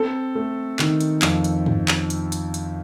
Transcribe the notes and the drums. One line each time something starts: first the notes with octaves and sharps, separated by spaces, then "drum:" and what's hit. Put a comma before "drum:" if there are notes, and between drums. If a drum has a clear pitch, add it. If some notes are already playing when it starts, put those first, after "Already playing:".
Already playing: C4 A4
A3
D#3, drum: clap
drum: hi-hat
F2, drum: clap
drum: hi-hat
drum: tom G2
drum: clap
drum: hi-hat
drum: hi-hat
drum: hi-hat